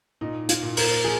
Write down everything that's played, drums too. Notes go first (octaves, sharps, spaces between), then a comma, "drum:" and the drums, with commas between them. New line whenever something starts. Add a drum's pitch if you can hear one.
A#2 D#4
F4, drum: hi-hat
A#2
A#4, drum: open hi-hat
F3 G#4